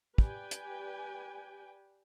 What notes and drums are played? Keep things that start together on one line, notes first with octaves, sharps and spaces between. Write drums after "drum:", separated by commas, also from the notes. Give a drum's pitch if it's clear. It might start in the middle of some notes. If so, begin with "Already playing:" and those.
G4 B4 D5 G5 G#5, drum: kick
drum: hi-hat